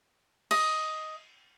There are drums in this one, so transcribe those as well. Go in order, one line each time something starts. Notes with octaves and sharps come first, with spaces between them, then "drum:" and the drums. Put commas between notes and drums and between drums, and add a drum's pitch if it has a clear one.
D#5, drum: cymbal